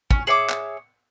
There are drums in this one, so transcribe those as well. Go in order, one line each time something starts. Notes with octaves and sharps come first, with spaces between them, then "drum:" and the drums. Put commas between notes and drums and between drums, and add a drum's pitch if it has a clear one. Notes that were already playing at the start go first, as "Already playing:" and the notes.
C#4, drum: kick
G#4 C#5 E5 D6
drum: clap